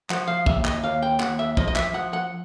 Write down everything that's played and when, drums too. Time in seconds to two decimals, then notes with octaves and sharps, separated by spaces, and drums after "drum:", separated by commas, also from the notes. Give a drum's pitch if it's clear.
0.10 F3 F#5, drum: clap
0.28 F5
0.46 D#2 E5, drum: kick
0.65 D#5, drum: clap
0.83 D#2 F5
1.02 G5
1.20 D#2 F#5, drum: clap
1.39 E5
1.57 F3 D#5, drum: kick
1.68 D#5
1.76 E5, drum: clap
1.94 F3 F#5
2.13 F#5